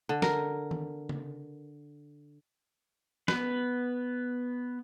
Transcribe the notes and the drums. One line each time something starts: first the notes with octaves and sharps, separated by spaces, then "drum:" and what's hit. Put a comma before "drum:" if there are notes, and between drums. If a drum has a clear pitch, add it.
D3
A#4, drum: snare
drum: tom D#3
drum: tom C#3
B3 B4, drum: snare